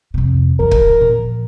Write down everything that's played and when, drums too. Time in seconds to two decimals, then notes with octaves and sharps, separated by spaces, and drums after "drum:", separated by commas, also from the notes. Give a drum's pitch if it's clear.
0.14 F2 C3
0.60 E3 A#4
0.71 drum: kick
1.01 A#2 F3